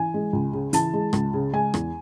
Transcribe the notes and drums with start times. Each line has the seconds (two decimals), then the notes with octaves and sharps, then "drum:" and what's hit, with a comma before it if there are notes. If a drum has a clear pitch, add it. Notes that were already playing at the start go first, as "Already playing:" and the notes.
Already playing: E3 G#5
0.14 G#3
0.33 C#2
0.53 C#3
0.73 E3 A5, drum: hi-hat
0.94 G#3
1.13 C#2, drum: rim click
1.34 C#3
1.53 G#3 G#5
1.74 E2, drum: rim click